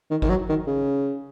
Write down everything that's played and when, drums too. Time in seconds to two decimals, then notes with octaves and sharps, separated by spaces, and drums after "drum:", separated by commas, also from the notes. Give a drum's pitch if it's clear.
0.11 D#3
0.22 D#3, drum: kick G#1
0.29 F#3
0.49 D#3
0.66 C#3